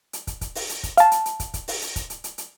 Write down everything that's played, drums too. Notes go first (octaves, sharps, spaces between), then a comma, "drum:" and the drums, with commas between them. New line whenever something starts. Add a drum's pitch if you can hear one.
drum: hi-hat
drum: kick, hi-hat
drum: kick, hi-hat
drum: open hi-hat
drum: hi-hat
drum: kick, hi-hat
F5 A5, drum: hi-hat
drum: hi-hat
drum: hi-hat
drum: kick, hi-hat
drum: kick, hi-hat
drum: open hi-hat
drum: hi-hat
drum: kick, hi-hat
drum: hi-hat
drum: hi-hat
drum: hi-hat